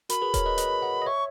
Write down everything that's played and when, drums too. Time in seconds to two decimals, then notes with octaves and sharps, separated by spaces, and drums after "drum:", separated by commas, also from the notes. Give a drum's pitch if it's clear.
0.09 F#4 A#4 B5, drum: hi-hat
0.22 G#4 B4
0.34 A#4 C#5, drum: kick D#1, hi-hat
0.46 B4 D#5
0.58 B4 D#5, drum: hi-hat
0.82 D#5 F#5
1.02 D#5
1.06 C#5 E5 C#6